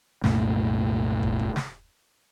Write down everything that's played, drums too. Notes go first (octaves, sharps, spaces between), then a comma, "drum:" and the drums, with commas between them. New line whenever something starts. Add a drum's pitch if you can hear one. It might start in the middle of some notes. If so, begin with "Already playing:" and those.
C2 F#2 A#2 A3, drum: snare
drum: kick
drum: kick
drum: snare